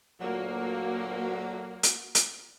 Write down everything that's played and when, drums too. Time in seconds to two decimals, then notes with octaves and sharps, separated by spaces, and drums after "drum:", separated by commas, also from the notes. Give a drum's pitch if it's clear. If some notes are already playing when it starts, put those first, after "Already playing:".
0.21 D2 A#2 F#3 A#3 F#4
1.83 drum: hi-hat
2.15 drum: hi-hat